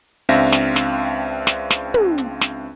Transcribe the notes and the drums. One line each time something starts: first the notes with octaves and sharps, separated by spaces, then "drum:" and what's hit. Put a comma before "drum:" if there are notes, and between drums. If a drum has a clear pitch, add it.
C#2 C4 D4 E5 F5 A#6
drum: snare
drum: snare
drum: snare
drum: snare
drum: tom
drum: hi-hat
drum: snare